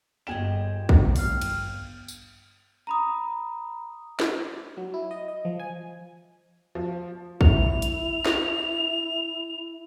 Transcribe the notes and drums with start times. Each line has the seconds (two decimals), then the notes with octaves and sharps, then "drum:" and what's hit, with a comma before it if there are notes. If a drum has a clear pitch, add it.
0.27 G1 G4 G#4 D#5 G5 E7
0.89 drum: kick
1.16 F5 F6, drum: open hi-hat
1.42 drum: cymbal
2.08 drum: tambourine
2.87 A#5 B5 D#6
4.20 drum: snare
4.77 F#3
4.94 E4
5.11 D#5
5.28 D#5
5.45 F3
5.60 G#5
6.75 F3
7.41 E4 F7, drum: kick
7.82 drum: hi-hat
8.25 drum: snare